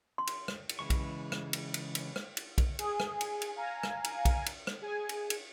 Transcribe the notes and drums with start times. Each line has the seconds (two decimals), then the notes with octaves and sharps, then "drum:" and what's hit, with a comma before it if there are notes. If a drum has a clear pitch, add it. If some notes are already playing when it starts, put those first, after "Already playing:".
0.18 C6
0.27 drum: cymbal
0.48 drum: rim click
0.69 drum: cymbal
0.79 C#3 E3 G#3 C#6
0.90 drum: kick B1, cymbal
1.32 drum: rim click
1.53 drum: cymbal
1.74 drum: cymbal
1.95 drum: cymbal
2.16 drum: rim click
2.37 drum: cymbal
2.58 drum: kick B1, cymbal
2.79 G#4, drum: cymbal
3.00 drum: rim click
3.21 drum: cymbal
3.42 drum: cymbal
3.56 F5 G#5 A#5
3.83 drum: rim click
4.04 drum: cymbal
4.25 drum: kick B1, cymbal
4.46 drum: cymbal
4.67 drum: rim click
4.82 G#4 G#5
5.09 drum: cymbal
5.30 drum: cymbal